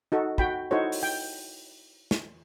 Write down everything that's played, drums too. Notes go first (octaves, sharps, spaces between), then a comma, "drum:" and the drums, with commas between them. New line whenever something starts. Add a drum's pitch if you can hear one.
D#4 F#4 A4
F#4 G5 B5, drum: kick
D#4 E4 F#4 A4 C5 C#5
drum: open hi-hat
G5
drum: snare